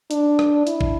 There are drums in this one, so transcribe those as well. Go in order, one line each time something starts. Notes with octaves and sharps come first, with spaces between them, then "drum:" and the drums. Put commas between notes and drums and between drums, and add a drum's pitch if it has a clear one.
D4, drum: hi-hat
drum: rim click
E4, drum: hi-hat
drum: kick